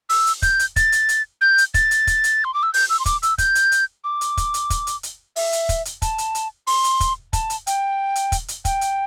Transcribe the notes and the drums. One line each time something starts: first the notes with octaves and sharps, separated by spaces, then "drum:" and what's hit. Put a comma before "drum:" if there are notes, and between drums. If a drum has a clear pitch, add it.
E6, drum: open hi-hat
drum: hi-hat
G6, drum: kick, hi-hat
drum: hi-hat
A6, drum: kick, hi-hat
drum: hi-hat
drum: hi-hat
G6
drum: hi-hat
A6, drum: kick, hi-hat
drum: hi-hat
drum: kick, hi-hat
drum: hi-hat
C6
D6
E6
G6, drum: open hi-hat
E6
C6
D6, drum: kick, hi-hat
E6, drum: hi-hat
G6, drum: kick, hi-hat
drum: hi-hat
drum: hi-hat
D6
drum: hi-hat
drum: kick, hi-hat
drum: hi-hat
drum: kick, hi-hat
drum: hi-hat
drum: hi-hat
E5, drum: open hi-hat
drum: hi-hat
drum: kick, hi-hat
drum: hi-hat
A5, drum: kick, hi-hat
drum: hi-hat
drum: hi-hat
C6, drum: open hi-hat
drum: hi-hat
drum: kick, hi-hat
A5, drum: kick, hi-hat
drum: hi-hat
G5, drum: hi-hat
drum: hi-hat
drum: kick, hi-hat
drum: hi-hat
G5, drum: kick, hi-hat
drum: hi-hat